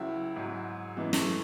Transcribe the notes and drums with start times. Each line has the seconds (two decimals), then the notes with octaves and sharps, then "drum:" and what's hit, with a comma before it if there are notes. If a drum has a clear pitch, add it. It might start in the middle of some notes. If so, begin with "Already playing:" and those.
Already playing: C#2 C#3 F#3 E4
0.36 G#2 F#3
0.97 F#2 E3 G#3
1.13 A3, drum: snare